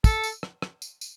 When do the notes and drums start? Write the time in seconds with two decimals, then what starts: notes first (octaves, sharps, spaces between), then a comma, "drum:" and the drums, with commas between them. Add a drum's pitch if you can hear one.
0.04 A4, drum: kick, tambourine
0.24 drum: tambourine
0.43 drum: rim click
0.62 drum: rim click
0.82 drum: tambourine
1.01 drum: tambourine